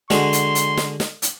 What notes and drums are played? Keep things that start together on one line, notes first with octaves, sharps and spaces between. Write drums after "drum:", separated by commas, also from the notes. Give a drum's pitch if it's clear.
D3 G#3 F#4 C6, drum: snare
drum: hi-hat
drum: hi-hat
drum: snare
drum: snare
drum: hi-hat